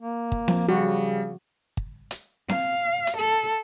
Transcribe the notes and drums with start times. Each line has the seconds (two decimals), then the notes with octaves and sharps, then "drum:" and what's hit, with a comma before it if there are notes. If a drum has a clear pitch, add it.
0.02 A#3
0.32 drum: kick
0.48 F3, drum: snare C4
0.68 C#3 G3 F#4
1.77 drum: kick
2.11 drum: hi-hat
2.49 F5, drum: snare C4
3.07 drum: hi-hat
3.17 A4